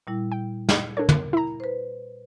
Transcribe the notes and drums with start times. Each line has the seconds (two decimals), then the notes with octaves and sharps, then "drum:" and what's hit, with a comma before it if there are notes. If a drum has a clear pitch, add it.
0.07 A#2 G3 E4
0.32 G5
0.69 drum: snare
0.97 D4 A4 A#4 C#5
1.09 drum: tom
1.33 E4 A#5
1.60 B4 C5